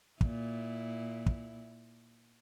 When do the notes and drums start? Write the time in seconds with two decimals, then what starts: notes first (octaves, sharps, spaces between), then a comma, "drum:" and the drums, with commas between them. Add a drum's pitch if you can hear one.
0.21 A#2 E4, drum: kick
1.26 drum: kick